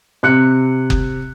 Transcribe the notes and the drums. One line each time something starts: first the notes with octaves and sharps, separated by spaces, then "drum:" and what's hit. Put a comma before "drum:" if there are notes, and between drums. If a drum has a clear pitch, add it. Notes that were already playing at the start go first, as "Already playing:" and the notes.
C3 F#6 C#7
drum: kick F#1